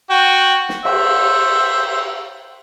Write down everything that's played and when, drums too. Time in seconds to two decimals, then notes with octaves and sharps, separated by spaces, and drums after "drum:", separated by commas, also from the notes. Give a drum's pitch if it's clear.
0.10 F#4 G5
0.69 drum: snare
0.85 C5 E5, drum: cymbal